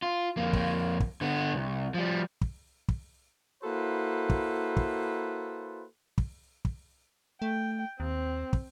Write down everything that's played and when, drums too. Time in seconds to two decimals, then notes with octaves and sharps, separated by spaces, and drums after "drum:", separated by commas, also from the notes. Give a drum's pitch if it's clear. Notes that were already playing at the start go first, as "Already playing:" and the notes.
0.02 F4
0.37 F2 A#3
0.53 drum: kick
1.00 drum: kick
1.21 D3 B3
1.55 C2
1.94 F3 G3
2.41 drum: kick
2.88 drum: kick
3.63 A#3 E4 F#4 A4 B4 C5
4.30 drum: kick
4.77 drum: kick
6.18 drum: kick
6.65 drum: kick
7.42 A3 G5
8.00 D#2 C4
8.53 drum: kick